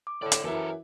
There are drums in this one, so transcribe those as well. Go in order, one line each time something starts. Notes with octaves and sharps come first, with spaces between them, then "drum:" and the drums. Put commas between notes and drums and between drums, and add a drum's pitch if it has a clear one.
D6
A2 A4 D5
drum: hi-hat
F#2 E3 E4 A4 A#4